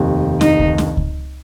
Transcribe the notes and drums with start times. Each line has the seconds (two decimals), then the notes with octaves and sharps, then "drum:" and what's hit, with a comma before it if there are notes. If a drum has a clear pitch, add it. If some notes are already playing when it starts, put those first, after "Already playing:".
Already playing: F1 D#2 D#3
0.41 D#4, drum: snare
0.59 drum: kick C#2
0.78 drum: snare
0.97 drum: kick C#2